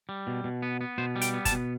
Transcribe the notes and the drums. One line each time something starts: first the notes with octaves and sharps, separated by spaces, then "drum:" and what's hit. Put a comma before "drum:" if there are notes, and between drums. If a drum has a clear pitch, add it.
G3
B2
B2
B3
B3
B2 C5
G3
G5, drum: hi-hat
B3
A5, drum: kick, hi-hat
B2